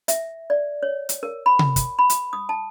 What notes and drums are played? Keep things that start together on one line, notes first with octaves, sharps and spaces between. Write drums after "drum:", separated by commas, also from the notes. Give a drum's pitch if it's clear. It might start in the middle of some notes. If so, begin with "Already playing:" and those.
E5, drum: hi-hat
D5
C#5
drum: hi-hat
A#4
B5
drum: tom C3
drum: kick, hi-hat
B5
drum: hi-hat
D#6
A5